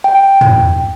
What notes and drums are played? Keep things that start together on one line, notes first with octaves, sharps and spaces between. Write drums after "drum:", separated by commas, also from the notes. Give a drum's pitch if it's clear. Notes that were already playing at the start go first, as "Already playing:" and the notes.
G5
drum: tom